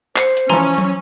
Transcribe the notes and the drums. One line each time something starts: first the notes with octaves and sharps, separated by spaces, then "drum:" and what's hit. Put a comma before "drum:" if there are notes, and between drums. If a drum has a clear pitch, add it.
C5 C7 C#7, drum: clap
drum: hi-hat
E3 F3 C#4 G#5 A#5 C6
drum: tom